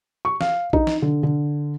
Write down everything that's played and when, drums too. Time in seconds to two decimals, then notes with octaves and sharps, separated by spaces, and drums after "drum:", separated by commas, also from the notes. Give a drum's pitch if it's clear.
0.25 C#6
0.41 F5, drum: snare
0.73 D#4, drum: kick A#1
0.87 drum: snare
1.02 D3
1.23 D3